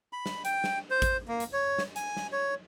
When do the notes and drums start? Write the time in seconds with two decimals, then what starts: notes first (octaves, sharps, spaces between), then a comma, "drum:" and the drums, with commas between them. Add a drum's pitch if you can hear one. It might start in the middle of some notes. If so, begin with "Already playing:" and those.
0.13 B5
0.26 drum: snare
0.45 G5, drum: hi-hat
0.64 drum: snare
0.90 C5
1.02 drum: kick, hi-hat
1.28 A#3
1.40 drum: hi-hat
1.53 C#5
1.78 drum: snare
1.96 G#5, drum: hi-hat
2.17 drum: snare
2.32 C#5